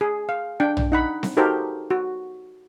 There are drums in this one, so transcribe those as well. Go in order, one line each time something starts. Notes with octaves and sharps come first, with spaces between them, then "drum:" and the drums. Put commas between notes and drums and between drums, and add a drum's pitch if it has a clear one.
G#4
F5
D4 G5
drum: tom A#1
D#4 F#5 B5
drum: snare C4
D#4 F#4 G4 A4 A#4 C5
F#4